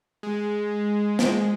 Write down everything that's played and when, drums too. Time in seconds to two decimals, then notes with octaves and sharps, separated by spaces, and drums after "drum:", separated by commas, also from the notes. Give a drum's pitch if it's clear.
0.23 G#3
1.19 drum: snare